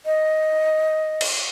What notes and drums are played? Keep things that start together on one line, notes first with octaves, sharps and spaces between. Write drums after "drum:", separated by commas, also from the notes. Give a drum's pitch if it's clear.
D#5
drum: cymbal